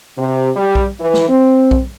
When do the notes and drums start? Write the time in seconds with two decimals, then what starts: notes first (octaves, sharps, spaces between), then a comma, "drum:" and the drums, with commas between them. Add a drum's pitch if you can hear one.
0.17 C3
0.56 G3
0.75 drum: kick B1
1.00 E3
1.14 drum: snare
1.29 C4
1.71 drum: kick B1